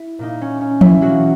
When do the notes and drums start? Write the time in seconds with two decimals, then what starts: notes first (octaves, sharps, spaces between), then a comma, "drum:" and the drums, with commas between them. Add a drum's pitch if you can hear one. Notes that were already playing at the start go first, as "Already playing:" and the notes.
Already playing: E4
0.19 A#2 A#3 D#4
0.41 C#4
0.61 C#4
0.81 E3 E4, drum: tom F3
1.01 B2 F#3 A#3 F#4